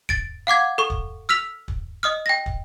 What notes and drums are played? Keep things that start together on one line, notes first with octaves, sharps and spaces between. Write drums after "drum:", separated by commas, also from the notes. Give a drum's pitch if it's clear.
A6 D7, drum: kick
F5 F#5 D6 G#6
A4 C#6
drum: kick
E6 F6 B6 F7
drum: kick
D#5 D#6 F6
G5 A#6
drum: kick